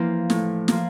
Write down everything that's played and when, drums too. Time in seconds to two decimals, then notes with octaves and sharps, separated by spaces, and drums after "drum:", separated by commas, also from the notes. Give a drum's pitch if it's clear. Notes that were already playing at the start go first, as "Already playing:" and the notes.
Already playing: E3 F3 A#3
0.30 A2, drum: snare
0.68 F3 A#3, drum: snare